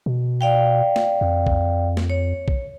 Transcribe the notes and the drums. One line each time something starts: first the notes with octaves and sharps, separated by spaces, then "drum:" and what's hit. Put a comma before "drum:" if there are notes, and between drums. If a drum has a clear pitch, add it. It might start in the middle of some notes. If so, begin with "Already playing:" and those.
B2
D5 F5 G5
drum: snare
F2
drum: kick B1
drum: snare
C#5
drum: kick B1